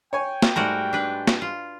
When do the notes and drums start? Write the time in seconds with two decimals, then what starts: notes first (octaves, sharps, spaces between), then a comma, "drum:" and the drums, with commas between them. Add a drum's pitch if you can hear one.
0.13 C#5 G5 G#5
0.42 drum: snare
0.56 G#2 G3 A3 F#4 A#4
0.93 D4 B4
1.27 drum: snare
1.42 F4